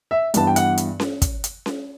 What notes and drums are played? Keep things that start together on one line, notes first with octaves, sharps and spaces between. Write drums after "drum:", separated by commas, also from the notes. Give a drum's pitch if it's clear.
E5
G2 E3 B3 A5, drum: hi-hat
G5
F#5, drum: hi-hat
drum: hi-hat
drum: snare C#4
drum: kick, hi-hat
drum: hi-hat
drum: snare C#4